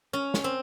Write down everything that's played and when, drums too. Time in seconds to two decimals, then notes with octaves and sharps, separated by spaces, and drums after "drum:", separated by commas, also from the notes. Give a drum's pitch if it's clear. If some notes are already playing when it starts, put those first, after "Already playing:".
0.13 C#4
0.34 drum: snare
0.44 C4